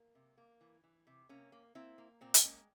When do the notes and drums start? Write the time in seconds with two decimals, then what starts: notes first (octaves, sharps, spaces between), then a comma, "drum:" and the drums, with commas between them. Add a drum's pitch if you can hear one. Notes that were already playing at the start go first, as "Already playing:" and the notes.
Already playing: A#3
0.15 C3
0.38 A#3
0.61 E3
0.84 E3
1.07 C3
1.29 C3 A#3 C#4
1.52 A#3
1.75 A#3 C4 E4
1.98 A#3
2.21 A#2 C4
2.34 drum: hi-hat
2.43 G#3 A#3 C#4